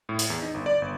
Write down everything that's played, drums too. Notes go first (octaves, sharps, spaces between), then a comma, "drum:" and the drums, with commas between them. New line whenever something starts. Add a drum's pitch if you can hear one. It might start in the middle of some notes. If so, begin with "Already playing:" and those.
A2
drum: hi-hat
E2
D#4
G1
D5
G1